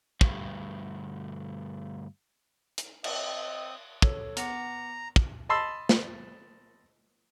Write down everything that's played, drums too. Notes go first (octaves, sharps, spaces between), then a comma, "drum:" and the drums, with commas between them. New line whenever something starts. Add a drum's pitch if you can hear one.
D2 G2, drum: kick
drum: hi-hat
C4 D#5 D#6, drum: cymbal
A4 C#5, drum: kick
B3 F#5 A#5 D6, drum: hi-hat
drum: kick
D#5 A5 B5 C6 E6
drum: snare